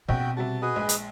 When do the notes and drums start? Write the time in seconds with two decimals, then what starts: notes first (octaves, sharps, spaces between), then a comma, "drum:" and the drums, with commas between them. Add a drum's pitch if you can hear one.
0.09 A#1 B2 C4 F#4 G5
0.37 C3 G3 F#4 A5
0.62 F#4 G#4 B4 D#5
0.76 A#1 G#3
0.89 drum: hi-hat